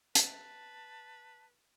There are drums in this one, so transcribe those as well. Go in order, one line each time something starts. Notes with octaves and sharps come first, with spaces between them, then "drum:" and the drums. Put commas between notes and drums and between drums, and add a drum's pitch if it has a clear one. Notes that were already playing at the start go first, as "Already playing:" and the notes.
B4 A5, drum: hi-hat